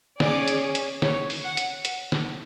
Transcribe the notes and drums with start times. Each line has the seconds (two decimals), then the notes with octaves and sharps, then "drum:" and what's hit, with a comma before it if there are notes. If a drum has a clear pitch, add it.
0.20 C#4 G#4 D5, drum: snare
0.48 drum: hi-hat
0.75 drum: hi-hat
1.02 C#5, drum: snare
1.30 drum: open hi-hat
1.43 F#5
1.57 drum: hi-hat
1.85 drum: hi-hat
2.12 drum: snare